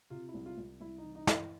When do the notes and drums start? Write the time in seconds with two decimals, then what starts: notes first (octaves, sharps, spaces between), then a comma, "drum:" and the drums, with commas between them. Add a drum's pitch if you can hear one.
0.10 C3 F4
0.28 E4
0.34 C2
0.46 F4
0.57 C2
0.80 C2 E4
0.98 D#4
1.04 E3
1.15 D#4
1.27 E3, drum: snare
1.33 E4